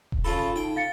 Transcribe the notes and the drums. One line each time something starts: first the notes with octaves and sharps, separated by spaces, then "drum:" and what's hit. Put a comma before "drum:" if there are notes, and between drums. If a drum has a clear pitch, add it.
drum: kick D#1
C#3 F4 A4 A5 B5
D#4 G5
F5 A6 C#7